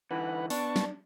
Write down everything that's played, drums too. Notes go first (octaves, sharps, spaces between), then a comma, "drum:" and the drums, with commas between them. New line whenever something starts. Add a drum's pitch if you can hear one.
D3 E3 B4 F#5
B3 D4 A5 C#6, drum: open hi-hat
drum: snare